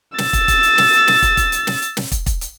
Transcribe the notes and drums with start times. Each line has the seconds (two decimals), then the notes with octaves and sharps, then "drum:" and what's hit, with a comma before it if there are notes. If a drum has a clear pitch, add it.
0.18 E6 A6, drum: snare
0.33 drum: kick, hi-hat
0.48 drum: kick, hi-hat
0.63 drum: hi-hat
0.78 drum: snare
0.93 drum: hi-hat
1.08 drum: snare
1.22 drum: kick, hi-hat
1.37 drum: kick, hi-hat
1.52 drum: hi-hat
1.67 drum: snare
1.82 drum: hi-hat
1.97 drum: snare
2.12 drum: kick, hi-hat
2.26 drum: kick, hi-hat
2.41 drum: hi-hat